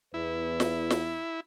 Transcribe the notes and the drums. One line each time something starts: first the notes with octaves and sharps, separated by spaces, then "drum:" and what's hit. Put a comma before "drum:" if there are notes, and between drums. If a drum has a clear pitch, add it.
E2 E4 B4
drum: snare
drum: snare